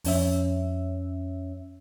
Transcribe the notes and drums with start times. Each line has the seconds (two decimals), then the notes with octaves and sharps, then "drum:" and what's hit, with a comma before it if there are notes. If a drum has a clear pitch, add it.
0.04 F2 C#4 E5, drum: open hi-hat